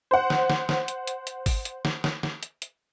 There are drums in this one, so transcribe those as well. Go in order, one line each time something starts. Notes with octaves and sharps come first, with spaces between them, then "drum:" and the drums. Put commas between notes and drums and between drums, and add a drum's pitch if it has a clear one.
C5 F#5
drum: snare
drum: snare
drum: snare
drum: hi-hat
drum: hi-hat
drum: hi-hat
drum: kick G#1, open hi-hat
drum: hi-hat
drum: snare
drum: snare
drum: snare
drum: hi-hat
drum: hi-hat